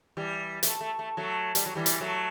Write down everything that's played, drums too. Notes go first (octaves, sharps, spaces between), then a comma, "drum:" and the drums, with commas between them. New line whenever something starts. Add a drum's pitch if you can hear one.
E3 G3
A3, drum: hi-hat
A3
A3
F#3 A3
G3, drum: hi-hat
F#3
E3 G3
drum: hi-hat
F#3 A3